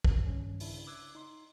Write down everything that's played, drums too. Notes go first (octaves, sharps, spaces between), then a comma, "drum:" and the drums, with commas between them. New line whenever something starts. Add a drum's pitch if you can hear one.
F#2, drum: kick
G2 D#3 G3 C#4
C#3 D4 E4, drum: open hi-hat
D6 E6 F#6 G#6
D#4 C6